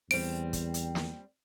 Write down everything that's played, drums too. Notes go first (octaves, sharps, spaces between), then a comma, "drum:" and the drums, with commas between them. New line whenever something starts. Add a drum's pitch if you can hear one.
E2 G3 C4 D7, drum: open hi-hat
drum: kick, hi-hat
drum: hi-hat
drum: snare